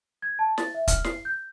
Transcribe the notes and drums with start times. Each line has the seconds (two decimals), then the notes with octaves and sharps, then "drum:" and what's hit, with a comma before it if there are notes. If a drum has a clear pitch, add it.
0.22 G#6
0.39 A5
0.58 A6, drum: snare
0.74 E5
0.88 F6, drum: kick, hi-hat
1.04 C7, drum: snare
1.25 G6